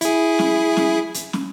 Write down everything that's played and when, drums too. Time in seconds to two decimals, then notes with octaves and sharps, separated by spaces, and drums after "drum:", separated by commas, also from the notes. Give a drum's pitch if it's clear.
0.01 E4 G#4, drum: hi-hat
0.39 drum: snare
0.77 drum: snare
1.14 drum: hi-hat
1.33 drum: snare